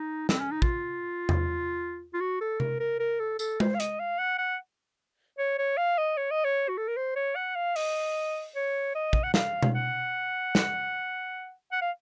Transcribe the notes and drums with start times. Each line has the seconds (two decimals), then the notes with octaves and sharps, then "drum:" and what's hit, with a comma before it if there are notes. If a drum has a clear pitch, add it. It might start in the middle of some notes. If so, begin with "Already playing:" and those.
Already playing: D#4
0.29 C4, drum: snare
0.40 C#4
0.52 D#4
0.62 F4, drum: kick
1.29 drum: tom E2
2.14 F4
2.20 F#4
2.41 A4
2.60 A#4, drum: tom C3
2.80 A#4
3.00 A#4
3.20 A4
3.39 A4, drum: tambourine
3.60 C5, drum: tom G#3
3.75 F5
3.80 D#5, drum: hi-hat
4.00 F5
4.19 F#5
4.38 F#5
5.38 C#5
5.58 C#5
5.77 F5
5.98 D#5
6.17 C#5
6.31 D#5
6.45 C#5
6.69 F#4
6.77 A4
6.88 A#4
6.97 C5
7.16 C#5
7.36 F#5
7.55 F5
7.76 D#5, drum: open hi-hat
8.55 C#5
8.95 D#5
9.13 drum: kick
9.24 F#5
9.34 F5, drum: snare
9.62 drum: tom B2
9.74 F#5
10.55 drum: snare
11.72 F#5
11.82 F5